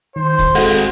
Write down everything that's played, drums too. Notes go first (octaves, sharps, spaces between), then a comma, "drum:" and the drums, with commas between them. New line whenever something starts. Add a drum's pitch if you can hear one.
D#3 C5
drum: kick, hi-hat
G#3 C4 F#4 A4 F5 F#5